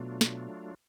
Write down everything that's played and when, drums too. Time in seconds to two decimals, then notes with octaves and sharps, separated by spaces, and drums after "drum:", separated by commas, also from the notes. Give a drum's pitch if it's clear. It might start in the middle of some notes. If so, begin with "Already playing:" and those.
Already playing: B2 F#3 A3 D4 F4
0.21 drum: snare